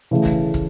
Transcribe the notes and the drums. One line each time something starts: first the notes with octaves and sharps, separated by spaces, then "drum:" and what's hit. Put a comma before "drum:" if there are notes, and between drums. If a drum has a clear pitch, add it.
C#3 E3 A3
drum: kick, hi-hat
drum: kick, hi-hat